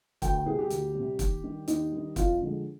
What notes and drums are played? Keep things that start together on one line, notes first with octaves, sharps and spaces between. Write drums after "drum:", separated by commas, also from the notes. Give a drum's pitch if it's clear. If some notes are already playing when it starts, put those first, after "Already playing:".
D2 G5, drum: kick, hi-hat
G5
C3 G3 G#4
G4
D2, drum: hi-hat
C3 G3
D#2, drum: kick, hi-hat
D#3 G3
D#2 D#4, drum: hi-hat
D#3 G3
F2 F4, drum: kick, hi-hat
D3 F3 G#3